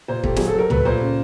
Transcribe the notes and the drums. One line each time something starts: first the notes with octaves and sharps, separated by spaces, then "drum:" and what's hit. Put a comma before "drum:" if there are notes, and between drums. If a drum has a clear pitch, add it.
A#2 C5
A3 G4, drum: kick
F#3 G#4, drum: snare
A4
F#3 A#4
A3 B4, drum: tom C#2
A#2 C5
C#3